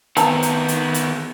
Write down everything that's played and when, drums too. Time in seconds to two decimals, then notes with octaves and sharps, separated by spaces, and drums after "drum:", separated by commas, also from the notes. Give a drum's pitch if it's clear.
0.17 D#3 B3 C4 A5 A#5, drum: hi-hat
0.43 drum: hi-hat
0.68 drum: hi-hat
0.94 drum: hi-hat